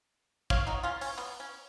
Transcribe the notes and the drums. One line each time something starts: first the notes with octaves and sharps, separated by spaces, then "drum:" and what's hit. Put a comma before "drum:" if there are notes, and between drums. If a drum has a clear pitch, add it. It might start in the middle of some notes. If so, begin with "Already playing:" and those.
C#5 F5, drum: kick
D#4 F#4
C#4 F4
C#4, drum: open hi-hat
B3
C#4